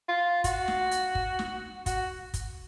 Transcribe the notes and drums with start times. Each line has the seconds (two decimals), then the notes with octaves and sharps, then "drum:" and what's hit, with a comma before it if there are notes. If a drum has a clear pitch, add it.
0.09 F4
0.44 F#4, drum: kick, hi-hat
0.68 drum: snare
0.91 drum: hi-hat
1.15 drum: kick
1.39 drum: snare
1.86 F#4, drum: kick, hi-hat
2.34 drum: kick, hi-hat